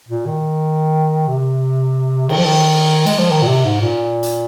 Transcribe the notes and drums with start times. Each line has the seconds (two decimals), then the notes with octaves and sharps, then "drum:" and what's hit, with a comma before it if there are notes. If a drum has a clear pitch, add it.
0.09 A#2
0.26 D#3
1.28 C3
2.29 D#3, drum: cymbal
2.37 F3
2.46 D#3
3.06 G#3, drum: cymbal
3.19 F3
3.31 D#3
3.43 A#2
3.48 C3
3.65 G#2
3.81 A#2
4.23 drum: hi-hat